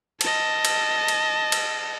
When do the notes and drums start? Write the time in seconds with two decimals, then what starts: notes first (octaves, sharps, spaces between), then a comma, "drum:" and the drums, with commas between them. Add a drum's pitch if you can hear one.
0.21 D#5 A5, drum: cymbal
0.65 drum: cymbal
1.08 drum: cymbal
1.52 drum: cymbal